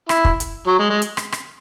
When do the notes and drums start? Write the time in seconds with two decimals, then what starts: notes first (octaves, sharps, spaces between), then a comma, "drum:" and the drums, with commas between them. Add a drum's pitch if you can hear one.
0.09 E4, drum: rim click
0.25 drum: kick
0.40 drum: hi-hat
0.67 F#3
0.79 G#3
0.90 G#3
1.02 drum: hi-hat
1.17 drum: rim click
1.32 drum: rim click